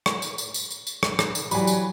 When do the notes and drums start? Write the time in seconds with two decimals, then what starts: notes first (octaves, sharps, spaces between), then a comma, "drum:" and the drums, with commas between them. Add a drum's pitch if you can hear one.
0.06 drum: rim click
0.22 drum: tambourine
0.38 drum: tambourine
0.54 drum: tambourine
0.71 drum: tambourine
0.87 drum: tambourine
1.03 drum: rim click
1.19 drum: rim click
1.35 drum: tambourine
1.51 E3 F#3 G3 G#5 B5, drum: tambourine
1.67 drum: tambourine